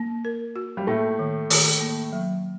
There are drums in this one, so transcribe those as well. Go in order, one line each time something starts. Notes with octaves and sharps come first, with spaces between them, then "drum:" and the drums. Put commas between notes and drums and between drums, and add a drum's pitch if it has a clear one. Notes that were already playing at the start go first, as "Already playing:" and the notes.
Already playing: A#3
A#4
F#4
G3
A2 A3 A#3
D#3
D#3, drum: open hi-hat
A#3
F#3